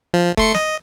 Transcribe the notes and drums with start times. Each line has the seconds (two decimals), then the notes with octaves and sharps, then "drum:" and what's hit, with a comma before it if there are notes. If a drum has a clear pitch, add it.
0.14 F3
0.37 A3 C6 C#7, drum: kick E1
0.55 D#5, drum: snare